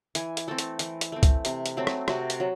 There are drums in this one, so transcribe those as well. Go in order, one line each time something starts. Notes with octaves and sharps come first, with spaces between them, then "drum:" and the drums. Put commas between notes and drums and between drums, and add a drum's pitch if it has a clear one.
E3 G#5, drum: hi-hat
drum: hi-hat
A3 C4 A4
drum: hi-hat
E3, drum: hi-hat
drum: hi-hat
A3 C4
drum: kick C2, hi-hat
C3, drum: hi-hat
drum: hi-hat
F#3 A3 C4
drum: rim click
C3 F#4, drum: rim click
drum: hi-hat
F#3